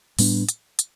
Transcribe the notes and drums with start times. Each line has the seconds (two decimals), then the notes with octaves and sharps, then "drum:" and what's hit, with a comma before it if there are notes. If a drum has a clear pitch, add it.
0.19 A2 G3 B3 D4, drum: open hi-hat
0.49 drum: hi-hat
0.79 drum: hi-hat